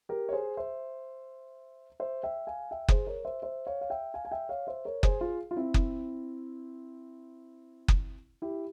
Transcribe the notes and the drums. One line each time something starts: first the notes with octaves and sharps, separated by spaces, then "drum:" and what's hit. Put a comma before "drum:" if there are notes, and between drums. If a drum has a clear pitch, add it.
G4 A#4
C#5
G#4 C5
C5 E5
C5 E5
E5 G5
F5 G#5
E5 G5
G#4 C5, drum: kick F#1
A#4 C#5
C5 E5
C5 E5
C#5 F5
F5
E5 G5
F5 G#5
G#5
E5 G5
C#5 F5
C5 E5
A#4 C#5
G#4 C5, drum: kick F#1
F4 G#4
F4
C4 E4
drum: kick F#1
drum: kick F#1
E4 G4